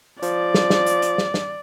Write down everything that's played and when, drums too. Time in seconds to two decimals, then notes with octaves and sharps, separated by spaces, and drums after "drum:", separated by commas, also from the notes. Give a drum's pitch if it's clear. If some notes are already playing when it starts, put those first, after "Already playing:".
0.23 F3 D5, drum: hi-hat
0.54 drum: snare
0.70 drum: snare
0.86 drum: hi-hat
1.02 drum: hi-hat
1.18 drum: snare
1.34 drum: snare